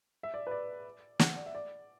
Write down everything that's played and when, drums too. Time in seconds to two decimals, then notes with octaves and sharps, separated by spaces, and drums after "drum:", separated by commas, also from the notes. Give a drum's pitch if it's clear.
0.23 E5
0.34 D5
0.47 B4
0.51 D5
1.19 F#5, drum: snare
1.36 D5
1.46 E5
1.55 D5